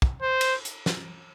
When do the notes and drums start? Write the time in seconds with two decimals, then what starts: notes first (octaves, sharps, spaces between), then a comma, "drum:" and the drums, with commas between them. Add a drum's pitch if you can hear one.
0.02 drum: kick
0.22 C5
0.41 drum: cymbal
0.65 drum: hi-hat
0.86 drum: snare